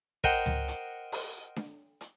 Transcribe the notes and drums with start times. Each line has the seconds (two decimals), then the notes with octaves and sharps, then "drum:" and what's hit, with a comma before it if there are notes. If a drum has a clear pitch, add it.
0.24 A#4 C5 D#5 F#5 G5, drum: kick
0.46 drum: tom C#2
0.68 drum: hi-hat
1.12 drum: open hi-hat
1.56 drum: snare D4
2.01 drum: hi-hat